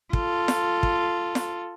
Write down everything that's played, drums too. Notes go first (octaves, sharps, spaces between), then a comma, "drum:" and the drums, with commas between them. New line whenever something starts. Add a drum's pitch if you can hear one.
F4 A4, drum: kick
drum: snare
drum: kick
drum: snare